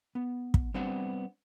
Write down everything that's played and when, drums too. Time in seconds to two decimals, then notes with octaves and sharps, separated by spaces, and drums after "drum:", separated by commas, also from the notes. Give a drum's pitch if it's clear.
0.15 B3
0.54 drum: kick
0.74 G3 B3 C4 D4 C5 F#5